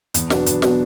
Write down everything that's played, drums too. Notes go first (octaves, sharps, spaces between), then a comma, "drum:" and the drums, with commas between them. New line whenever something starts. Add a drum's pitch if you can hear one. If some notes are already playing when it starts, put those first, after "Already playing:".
E2, drum: hi-hat
B2 F#3 B3 D4, drum: snare
E2, drum: hi-hat
B2 F#3 B3 D4, drum: snare